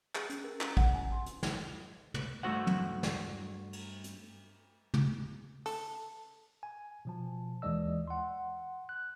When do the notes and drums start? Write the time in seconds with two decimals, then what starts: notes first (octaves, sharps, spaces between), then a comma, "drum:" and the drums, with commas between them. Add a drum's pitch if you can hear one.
0.15 G#4, drum: clap
0.30 C#4, drum: hi-hat
0.44 A#4
0.61 E4, drum: clap
0.77 F#5, drum: kick
0.95 G#5
1.12 C6
1.26 drum: hi-hat
1.43 drum: snare
2.14 drum: tom
2.43 G2 A3 F#4 C5 F#5
2.67 drum: tom
3.03 drum: snare
3.73 drum: cymbal
4.04 drum: hi-hat
4.94 drum: tom
5.66 A4, drum: open hi-hat
6.63 G#5
7.05 B2 F3 A5
7.62 D#2 E3 G#3 D5 D#5 E6
8.07 F#5 C6
8.89 F#6